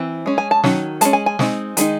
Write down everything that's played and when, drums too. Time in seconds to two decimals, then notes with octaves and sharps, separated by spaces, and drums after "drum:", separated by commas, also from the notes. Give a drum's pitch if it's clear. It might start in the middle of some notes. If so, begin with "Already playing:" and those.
Already playing: E3 C4
0.26 G#3 C#4
0.38 G#5
0.51 A5
0.64 D#3 F#3 C#4, drum: snare
1.01 G#3 C#4 A5, drum: hi-hat
1.13 G#5
1.26 G#5
1.39 G#3 C4 D#4, drum: snare
1.77 D#3 G#3 D#4, drum: hi-hat